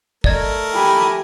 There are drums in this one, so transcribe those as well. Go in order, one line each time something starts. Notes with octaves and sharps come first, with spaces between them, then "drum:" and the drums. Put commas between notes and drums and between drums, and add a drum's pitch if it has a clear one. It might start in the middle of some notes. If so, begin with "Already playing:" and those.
A3 A#4 D5 D#5 G#6, drum: kick
G4 G#5 B5